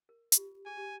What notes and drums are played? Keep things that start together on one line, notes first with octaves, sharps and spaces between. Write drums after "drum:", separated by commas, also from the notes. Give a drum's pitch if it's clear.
A#4
F4, drum: hi-hat
G4
G#4 G#5
G4